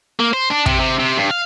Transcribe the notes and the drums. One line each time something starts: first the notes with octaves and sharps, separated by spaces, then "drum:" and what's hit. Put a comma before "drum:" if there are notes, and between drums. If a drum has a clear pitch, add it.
A#3
C5
D4
C3, drum: kick
C3
C3
G2
F5